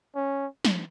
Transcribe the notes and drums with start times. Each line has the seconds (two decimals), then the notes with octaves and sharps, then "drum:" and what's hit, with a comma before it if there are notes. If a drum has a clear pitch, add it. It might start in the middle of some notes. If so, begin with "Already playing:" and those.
0.16 C#4
0.65 drum: snare